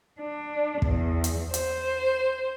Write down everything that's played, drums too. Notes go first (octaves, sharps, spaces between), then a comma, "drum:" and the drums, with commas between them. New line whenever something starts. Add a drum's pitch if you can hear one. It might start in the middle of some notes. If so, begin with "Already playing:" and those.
D4
E2, drum: kick
drum: hi-hat
C5, drum: hi-hat